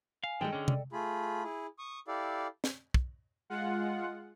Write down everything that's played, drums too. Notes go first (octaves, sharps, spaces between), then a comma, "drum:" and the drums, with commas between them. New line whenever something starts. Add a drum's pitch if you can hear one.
F5 G#5
D#3 G3 G#3 G#4 A4 D#5 G5
D3 C#4
D5, drum: tom C3
A3 F4 G#4 B5
E4 G#4
C#6 D#6
E4 G4 A4 D5 F5
drum: snare
drum: kick
G#3 F4 F#5